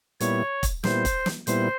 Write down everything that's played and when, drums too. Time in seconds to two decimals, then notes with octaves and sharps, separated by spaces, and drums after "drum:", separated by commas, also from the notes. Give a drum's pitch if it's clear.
0.20 A#2 G3 B3 E4 C#5, drum: hi-hat
0.63 drum: kick, hi-hat
0.84 A#2 G3 B3 E4 C5, drum: snare
1.05 drum: kick, hi-hat
1.26 drum: snare
1.47 A#2 G3 B3 E4 C5, drum: hi-hat